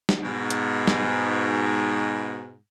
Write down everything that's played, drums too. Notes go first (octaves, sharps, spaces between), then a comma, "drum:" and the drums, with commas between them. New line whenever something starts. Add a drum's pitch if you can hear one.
drum: snare
G#2 B2
drum: hi-hat
drum: snare